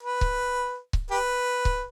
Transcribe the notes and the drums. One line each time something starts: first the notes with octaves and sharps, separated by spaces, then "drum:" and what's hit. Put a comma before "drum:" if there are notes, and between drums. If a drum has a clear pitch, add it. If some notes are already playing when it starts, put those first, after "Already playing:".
B4
drum: kick C#1
drum: kick C#1
G4 B4
drum: kick C#1